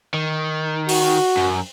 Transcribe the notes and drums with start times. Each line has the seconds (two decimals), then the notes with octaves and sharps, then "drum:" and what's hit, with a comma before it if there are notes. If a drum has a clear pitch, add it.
0.14 D#3
0.89 F#4, drum: open hi-hat
1.37 F#2